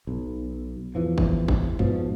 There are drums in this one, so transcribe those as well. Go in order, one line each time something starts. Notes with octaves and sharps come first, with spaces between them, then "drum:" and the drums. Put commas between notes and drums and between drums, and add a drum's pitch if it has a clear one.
B1
E2 E3 F3
drum: kick G1
drum: kick G1
G#2 B2 F3, drum: tom F2